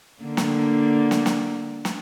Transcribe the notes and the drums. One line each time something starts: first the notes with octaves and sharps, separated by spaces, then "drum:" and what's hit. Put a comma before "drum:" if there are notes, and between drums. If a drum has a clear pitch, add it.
D3 A#3
drum: snare
drum: snare
drum: snare
drum: snare